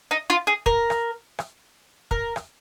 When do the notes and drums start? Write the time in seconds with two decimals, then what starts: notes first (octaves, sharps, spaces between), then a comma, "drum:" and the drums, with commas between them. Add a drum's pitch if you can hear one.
0.11 D#4
0.30 F4
0.47 G#4
0.66 A#4, drum: kick
0.90 drum: rim click
1.39 drum: rim click
2.11 A#4, drum: kick
2.36 drum: rim click